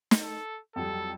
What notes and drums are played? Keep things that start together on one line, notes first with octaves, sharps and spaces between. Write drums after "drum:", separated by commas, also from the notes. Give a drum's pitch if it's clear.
drum: snare
A4
F2 F#3 G3 A4